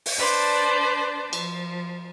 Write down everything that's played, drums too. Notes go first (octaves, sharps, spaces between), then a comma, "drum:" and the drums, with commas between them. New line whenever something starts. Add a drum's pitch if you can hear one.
drum: open hi-hat
D4 B4 C5 D5 A5
F3, drum: cymbal